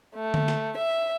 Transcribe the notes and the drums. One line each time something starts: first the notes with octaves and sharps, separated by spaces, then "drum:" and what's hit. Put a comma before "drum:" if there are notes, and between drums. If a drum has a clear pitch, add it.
A3
drum: tom D3
drum: snare
E5